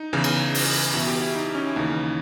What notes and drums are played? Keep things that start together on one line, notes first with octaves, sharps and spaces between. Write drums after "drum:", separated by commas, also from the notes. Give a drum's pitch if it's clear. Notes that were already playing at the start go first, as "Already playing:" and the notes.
Already playing: D#4
E2 C#3 E3
drum: cymbal
drum: open hi-hat
E2 B2 E4
G4
E4
D#4
C#4
E4
D#2 C#3 E3 D#4